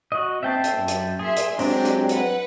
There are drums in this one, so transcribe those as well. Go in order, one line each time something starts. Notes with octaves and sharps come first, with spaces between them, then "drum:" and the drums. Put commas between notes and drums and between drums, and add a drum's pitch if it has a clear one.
F#4 D#5
C4 E5 G5 A5
drum: hi-hat
F#2
drum: hi-hat
G#4 E5 C6
drum: hi-hat
F#3 G#3 C4 D4 G4, drum: open hi-hat
drum: hi-hat
B4 F#5, drum: hi-hat